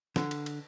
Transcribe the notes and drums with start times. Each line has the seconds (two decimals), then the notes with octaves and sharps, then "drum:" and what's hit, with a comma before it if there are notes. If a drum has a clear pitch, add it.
0.16 D3, drum: snare
0.31 drum: cymbal
0.46 drum: cymbal